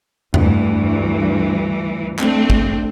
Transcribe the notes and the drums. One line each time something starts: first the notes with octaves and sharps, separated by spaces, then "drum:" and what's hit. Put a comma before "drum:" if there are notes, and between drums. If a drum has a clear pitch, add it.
D2 G2 E3, drum: tom E2
A3 C4 D4, drum: clap
drum: kick